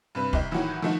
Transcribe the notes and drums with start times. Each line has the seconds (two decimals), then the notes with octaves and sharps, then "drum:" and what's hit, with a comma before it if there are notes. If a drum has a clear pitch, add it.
0.15 G2 C3 B4
0.33 C2 G4 D#5, drum: kick
0.51 A2 D#3 E3 F#3 F#4 G4
0.82 D#3 F3 A3 D#4 F#4